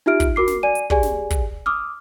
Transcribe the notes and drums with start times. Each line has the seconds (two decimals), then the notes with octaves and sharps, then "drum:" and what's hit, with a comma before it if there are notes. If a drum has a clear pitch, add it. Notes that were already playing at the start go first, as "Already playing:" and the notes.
0.06 D#4 F4 G4 E5 F6 D7
0.20 drum: kick, hi-hat
0.36 F#4 A#4 D6 C7
0.48 drum: snare
0.63 D5 G#5 D#7
0.75 drum: hi-hat
0.90 G4 G#4 D5 G#5, drum: kick
1.03 drum: snare
1.30 drum: kick, hi-hat
1.66 D6 D#6 F6